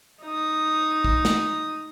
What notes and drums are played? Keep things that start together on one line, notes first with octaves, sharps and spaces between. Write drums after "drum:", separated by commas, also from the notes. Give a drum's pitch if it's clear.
D#4 D#6
drum: kick
drum: snare